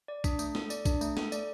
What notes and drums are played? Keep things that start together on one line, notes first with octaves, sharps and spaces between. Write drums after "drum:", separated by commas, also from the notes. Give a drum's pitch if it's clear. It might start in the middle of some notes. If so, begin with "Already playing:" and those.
D5
D4, drum: kick A#1, tambourine
A3, drum: tambourine
A4, drum: snare
D5, drum: tambourine
D4, drum: kick A#1, tambourine
A3, drum: tambourine
A4, drum: snare
D5, drum: tambourine